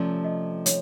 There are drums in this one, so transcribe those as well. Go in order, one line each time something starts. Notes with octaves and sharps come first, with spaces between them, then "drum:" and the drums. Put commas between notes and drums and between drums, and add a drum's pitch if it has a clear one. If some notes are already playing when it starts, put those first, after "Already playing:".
Already playing: C3 F3 A3 C#4 D5
D#5
C#5, drum: hi-hat